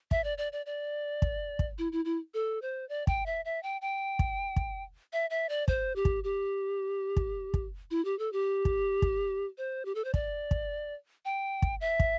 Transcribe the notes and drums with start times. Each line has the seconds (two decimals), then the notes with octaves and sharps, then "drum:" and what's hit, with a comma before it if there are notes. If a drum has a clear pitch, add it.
0.11 E5, drum: kick
0.24 D5
0.38 D5
0.53 D5
0.66 D5
1.22 drum: kick
1.59 drum: kick
1.78 E4
1.92 E4
2.05 E4
2.34 A4
2.62 C5
2.89 D5
3.07 G5, drum: kick
3.26 E5
3.45 E5
3.63 G5
3.82 G5
4.19 drum: kick
4.56 drum: kick
5.13 E5
5.30 E5
5.49 D5
5.68 C5, drum: kick
5.96 G4
6.05 drum: kick
6.24 G4
7.17 drum: kick
7.54 drum: kick
7.91 E4
8.05 G4
8.19 A4
8.33 G4
8.65 drum: kick
9.02 drum: kick
9.58 C5
9.85 G4
9.95 A4
10.04 C5
10.14 D5, drum: kick
10.51 drum: kick
11.25 G5
11.62 drum: kick
11.81 E5
12.00 drum: kick